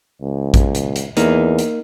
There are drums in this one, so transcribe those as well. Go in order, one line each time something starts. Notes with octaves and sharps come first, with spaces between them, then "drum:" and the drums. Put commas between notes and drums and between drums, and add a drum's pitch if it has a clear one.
C#2
drum: kick A1, hi-hat
drum: hi-hat
drum: hi-hat
E2 A#3 D#4, drum: hi-hat
drum: hi-hat